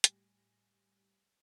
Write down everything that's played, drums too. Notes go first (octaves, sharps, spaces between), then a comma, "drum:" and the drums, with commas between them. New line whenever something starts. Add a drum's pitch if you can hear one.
A2 G3 G4 G#5 A#6, drum: hi-hat